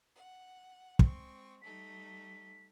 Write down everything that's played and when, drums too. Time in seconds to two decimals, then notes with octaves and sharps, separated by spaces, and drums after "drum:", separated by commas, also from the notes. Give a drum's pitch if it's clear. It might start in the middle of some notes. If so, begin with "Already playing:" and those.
0.15 F#5
0.99 G#3 C4 C#6, drum: kick
1.62 G3 A3 D#4 B6